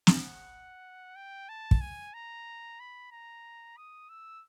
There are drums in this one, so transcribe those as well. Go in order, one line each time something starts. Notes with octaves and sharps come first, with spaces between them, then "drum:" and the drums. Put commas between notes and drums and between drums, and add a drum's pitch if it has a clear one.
drum: snare
F#5
G5
A5
drum: kick
G#5
A#5
B5
A#5
D#6
E6